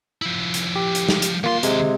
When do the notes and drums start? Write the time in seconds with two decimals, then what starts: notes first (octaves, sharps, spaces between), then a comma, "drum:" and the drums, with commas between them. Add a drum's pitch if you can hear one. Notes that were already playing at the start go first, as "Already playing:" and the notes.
0.22 F3 E4
0.54 drum: hi-hat
0.76 G4
0.95 drum: hi-hat
1.09 drum: snare
1.22 drum: hi-hat
1.44 D#2 A#3 F4 C6
1.63 C3 G#3, drum: hi-hat